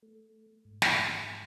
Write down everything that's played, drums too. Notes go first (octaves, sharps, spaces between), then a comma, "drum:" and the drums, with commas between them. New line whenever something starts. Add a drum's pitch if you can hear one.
A3
G#2
drum: snare